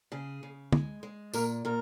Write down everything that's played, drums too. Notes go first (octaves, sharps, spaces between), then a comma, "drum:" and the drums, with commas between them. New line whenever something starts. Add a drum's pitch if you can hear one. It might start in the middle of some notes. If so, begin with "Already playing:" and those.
C#3 G#4
C#3
G#3, drum: tom
G#3
A#2 A#4, drum: tambourine
A#2 A#4